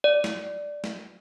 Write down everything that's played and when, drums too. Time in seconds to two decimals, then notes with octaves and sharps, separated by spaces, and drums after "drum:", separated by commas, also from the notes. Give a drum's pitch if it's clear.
0.04 D5
0.24 drum: snare
0.84 drum: snare